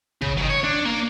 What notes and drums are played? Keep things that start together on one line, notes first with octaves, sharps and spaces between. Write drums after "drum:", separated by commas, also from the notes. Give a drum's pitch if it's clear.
C#3, drum: kick
D#3 F#3
C#5
D4
A#3 A#4